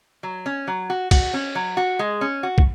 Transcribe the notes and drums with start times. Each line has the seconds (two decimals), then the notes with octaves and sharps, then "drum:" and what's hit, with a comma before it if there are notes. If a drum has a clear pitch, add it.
0.23 F#3
0.46 C#4
0.67 F#3
0.90 F#4
1.11 F#4, drum: kick, cymbal
1.34 C#4
1.55 F#3
1.77 F#4
1.99 G#3
2.21 C#4
2.43 F#4
2.58 drum: kick